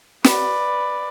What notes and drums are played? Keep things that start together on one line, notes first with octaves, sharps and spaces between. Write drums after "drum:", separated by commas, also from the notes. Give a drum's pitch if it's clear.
B4 D5, drum: snare